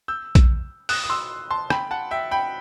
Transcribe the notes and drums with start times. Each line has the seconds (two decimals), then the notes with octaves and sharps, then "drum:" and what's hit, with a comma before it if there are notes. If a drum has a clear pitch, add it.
0.08 E6 G6
0.35 drum: kick A#1, hi-hat
0.89 D#6 F#6, drum: open hi-hat
1.04 D#6
1.10 C6 E6
1.51 A5 C6
1.70 G5 B5, drum: rim click
1.91 F#5 A5
2.11 E5 G5
2.31 G5 B5